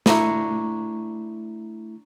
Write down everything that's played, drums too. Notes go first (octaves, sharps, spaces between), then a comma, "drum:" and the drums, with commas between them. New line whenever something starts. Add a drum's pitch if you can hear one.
A3 D4 E4 A#5 C#6, drum: snare